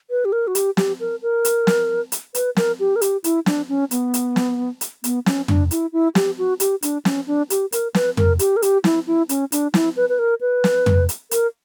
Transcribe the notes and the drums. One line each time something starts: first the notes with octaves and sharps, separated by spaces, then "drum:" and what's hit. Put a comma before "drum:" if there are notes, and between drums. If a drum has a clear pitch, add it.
B4
G4
A#4
F#4
G4, drum: hi-hat
G4, drum: snare
A#4
A#4
drum: hi-hat
drum: snare
drum: hi-hat
B4, drum: hi-hat
A#4, drum: snare
G4
A#4
G4, drum: hi-hat
E4, drum: hi-hat
D4, drum: snare
C#4
B3, drum: hi-hat
drum: hi-hat
drum: snare
drum: hi-hat
B3, drum: hi-hat
C#4, drum: snare
D4, drum: tom
E4, drum: hi-hat
E4
G4, drum: snare
F#4
G4, drum: hi-hat
D4, drum: hi-hat
C#4, drum: snare
D4
G4, drum: hi-hat
A#4, drum: hi-hat
B4, drum: snare
A#4, drum: tom
G4, drum: hi-hat
A#4
G4, drum: hi-hat
E4, drum: snare
E4
C#4, drum: hi-hat
D4, drum: hi-hat
E4, drum: snare
B4
B4
A#4
B4
drum: snare
drum: tom
drum: hi-hat
A#4, drum: hi-hat